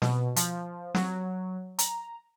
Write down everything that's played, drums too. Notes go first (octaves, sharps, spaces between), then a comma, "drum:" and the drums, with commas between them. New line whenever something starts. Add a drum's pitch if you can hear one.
B2, drum: snare
F3, drum: hi-hat
F#3, drum: snare
A#5, drum: hi-hat